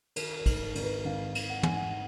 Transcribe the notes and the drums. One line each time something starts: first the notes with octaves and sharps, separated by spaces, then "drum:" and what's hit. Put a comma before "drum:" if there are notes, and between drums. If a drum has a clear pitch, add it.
D#3 A#4, drum: cymbal
A#4
G#2, drum: kick A1, cymbal
A#4
G#1 A#4, drum: cymbal
B4
G#1 F5
D#3, drum: cymbal
F#5
G#2 G#5, drum: tom
F#5